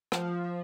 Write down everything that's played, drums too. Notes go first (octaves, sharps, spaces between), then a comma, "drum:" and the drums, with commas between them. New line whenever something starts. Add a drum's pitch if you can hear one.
F3, drum: rim click